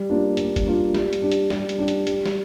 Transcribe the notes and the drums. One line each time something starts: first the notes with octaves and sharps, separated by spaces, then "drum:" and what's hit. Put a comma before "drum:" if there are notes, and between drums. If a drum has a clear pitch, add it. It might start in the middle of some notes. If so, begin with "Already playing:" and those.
Already playing: G3
A#3 D4 F4
G3, drum: hi-hat
drum: kick, hi-hat
A#3 D4 F4
G3, drum: snare
drum: hi-hat
D4 G4
drum: hi-hat
G3, drum: snare
drum: hi-hat
D4 G4
drum: hi-hat
G3, drum: hi-hat
drum: snare